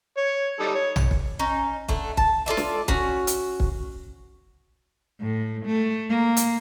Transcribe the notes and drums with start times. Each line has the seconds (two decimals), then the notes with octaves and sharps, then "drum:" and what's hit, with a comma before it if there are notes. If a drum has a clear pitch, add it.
0.17 C#5
0.60 G3 D#4 A4
0.74 C#5
0.96 drum: tom A#1
1.11 drum: kick
1.39 C#4 D#4
1.89 D3 A3, drum: kick
2.17 A5, drum: kick
2.46 F4 A4 D5 E5
2.57 drum: snare
2.88 C#4 F#4, drum: kick
3.27 drum: hi-hat
3.60 drum: kick
5.21 A2
5.65 A3
6.09 A#3
6.37 drum: hi-hat